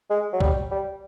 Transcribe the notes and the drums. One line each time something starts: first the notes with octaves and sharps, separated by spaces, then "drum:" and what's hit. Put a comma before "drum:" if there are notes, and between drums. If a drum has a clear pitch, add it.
G#3
F#3
G3, drum: kick C2
G3